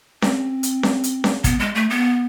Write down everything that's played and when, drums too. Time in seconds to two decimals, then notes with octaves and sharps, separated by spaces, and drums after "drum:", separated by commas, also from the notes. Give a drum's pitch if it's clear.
0.22 C4, drum: snare C#4
0.63 drum: hi-hat
0.83 drum: snare C#4
1.04 drum: hi-hat
1.24 drum: snare C#4
1.44 B3, drum: kick, hi-hat
1.59 G#3
1.75 A3
1.90 B3